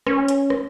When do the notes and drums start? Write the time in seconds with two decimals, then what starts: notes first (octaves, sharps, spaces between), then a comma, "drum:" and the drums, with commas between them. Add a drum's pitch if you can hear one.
0.07 C#4, drum: rim click
0.28 drum: hi-hat
0.50 drum: rim click